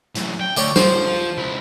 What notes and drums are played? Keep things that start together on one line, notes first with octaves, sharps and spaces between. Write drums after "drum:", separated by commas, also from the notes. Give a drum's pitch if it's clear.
F#2 A2, drum: hi-hat
G5
D2 C#5 D5 G5
F3 C5, drum: snare
F3 F4
C#2 E4